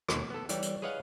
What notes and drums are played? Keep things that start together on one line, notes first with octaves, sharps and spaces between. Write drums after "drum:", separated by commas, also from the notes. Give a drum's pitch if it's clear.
D#2 B2, drum: rim click
B3 A4
E3 G3 G4 C#5 D5, drum: hi-hat
drum: hi-hat
G#4 B4 C#5 D#5 F5 F#5